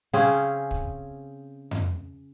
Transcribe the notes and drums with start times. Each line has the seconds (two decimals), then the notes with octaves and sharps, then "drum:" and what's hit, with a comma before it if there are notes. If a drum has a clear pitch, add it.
0.13 C#3 C4 C#4 G#4
0.71 drum: kick
1.71 drum: tom F2